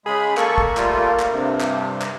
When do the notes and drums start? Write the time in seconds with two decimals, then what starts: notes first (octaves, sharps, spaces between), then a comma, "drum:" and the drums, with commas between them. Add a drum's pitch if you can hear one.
0.06 C#3 G#3 G#4 B5
0.37 A#3 A4 C#6, drum: clap
0.58 drum: kick
0.77 G3 A3 F4, drum: clap
1.19 drum: clap
1.31 G2 C3
1.61 drum: clap
2.02 drum: clap